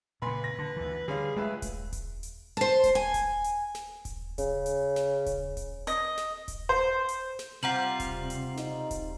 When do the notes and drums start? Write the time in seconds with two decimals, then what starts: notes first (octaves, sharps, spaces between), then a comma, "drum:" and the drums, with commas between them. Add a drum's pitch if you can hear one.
0.22 A#2 C#3 B4 B5 C6
0.44 A#6
0.58 D3
0.76 D2 E3
1.08 D3 G3 C#4 G#4 F5
1.36 C#2 G#3 A3 B4 E5
1.62 drum: kick D#1, hi-hat
1.93 drum: kick D#1, hi-hat
2.23 drum: hi-hat
2.57 C5 A5
2.84 drum: kick D#1, hi-hat
2.95 G#5
3.14 drum: kick D#1, hi-hat
3.44 drum: hi-hat
3.75 drum: snare
4.05 drum: kick D#1, hi-hat
4.38 C#3, drum: kick D#1, hi-hat
4.66 drum: hi-hat
4.96 drum: snare
5.26 drum: kick D#1, hi-hat
5.57 drum: kick D#1, hi-hat
5.87 D#5, drum: hi-hat
6.17 drum: snare
6.48 drum: kick D#1, hi-hat
6.69 C5
7.09 drum: hi-hat
7.39 drum: snare
7.63 C3 G3 C4 F4 F#5 A#5 F#7
8.00 drum: kick D#1, hi-hat
8.30 drum: hi-hat
8.57 D#4, drum: snare
8.91 drum: kick D#1, hi-hat